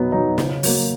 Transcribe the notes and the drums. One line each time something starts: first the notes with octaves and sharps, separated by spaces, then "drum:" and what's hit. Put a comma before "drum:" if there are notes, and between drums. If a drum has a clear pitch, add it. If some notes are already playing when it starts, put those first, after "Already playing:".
Already playing: B2 F#3 B3 D#4
F#3 B3 D#4
C#3, drum: snare
F#3 A#3, drum: open hi-hat